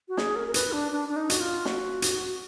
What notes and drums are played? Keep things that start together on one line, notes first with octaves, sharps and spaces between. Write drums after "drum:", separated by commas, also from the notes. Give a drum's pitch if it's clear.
F#4
G#4, drum: snare
A#4
A#4
B4, drum: hi-hat
D4
D4
D4
D#4
F#4, drum: hi-hat
F4
F#4, drum: snare
drum: hi-hat